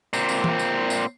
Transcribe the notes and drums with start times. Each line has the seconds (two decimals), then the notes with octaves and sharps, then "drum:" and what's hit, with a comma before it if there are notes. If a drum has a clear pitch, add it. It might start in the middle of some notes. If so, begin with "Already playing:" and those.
0.13 A#2 C4, drum: tambourine
0.29 drum: tambourine
0.44 drum: tom
0.59 drum: tambourine
0.90 drum: tambourine